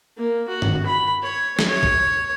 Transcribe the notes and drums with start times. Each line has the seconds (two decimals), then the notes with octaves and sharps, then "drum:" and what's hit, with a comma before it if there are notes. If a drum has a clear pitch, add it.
0.18 A#3
0.48 F#4
0.62 drum: tom G2
0.86 B5
1.22 C#5
1.59 drum: snare
1.68 C#5
1.83 drum: kick